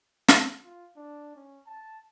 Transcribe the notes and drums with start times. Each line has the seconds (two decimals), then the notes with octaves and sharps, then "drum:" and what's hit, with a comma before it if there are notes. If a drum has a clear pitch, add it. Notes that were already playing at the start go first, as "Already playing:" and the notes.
0.28 drum: snare
0.64 F4
0.96 D4
1.35 C#4
1.66 A5